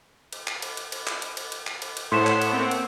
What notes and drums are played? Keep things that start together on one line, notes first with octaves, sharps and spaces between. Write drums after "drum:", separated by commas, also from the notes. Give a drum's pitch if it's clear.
drum: cymbal
drum: clap
drum: cymbal
drum: cymbal
drum: cymbal
drum: clap
drum: cymbal
drum: cymbal
drum: cymbal
drum: clap
drum: cymbal
drum: cymbal
A2 A4 C5 C#5 F#5 C6 B6 E7
drum: clap
drum: cymbal
A#3 C4
drum: cymbal